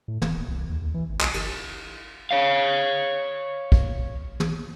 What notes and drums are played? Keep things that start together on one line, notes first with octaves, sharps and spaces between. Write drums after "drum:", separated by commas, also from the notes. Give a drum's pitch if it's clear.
A2
E1, drum: tom
D1
C2
D#2
D#2
E3
G#1
B1, drum: clap
F#1, drum: cymbal
C#5 F5
drum: kick
drum: tom